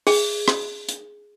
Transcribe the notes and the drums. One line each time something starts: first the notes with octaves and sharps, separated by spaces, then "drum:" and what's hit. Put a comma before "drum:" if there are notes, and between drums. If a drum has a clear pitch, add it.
G#4, drum: open hi-hat
drum: rim click
drum: hi-hat